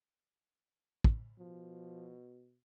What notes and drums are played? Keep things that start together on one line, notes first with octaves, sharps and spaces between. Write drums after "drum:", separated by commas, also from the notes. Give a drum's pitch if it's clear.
drum: kick
B2 F3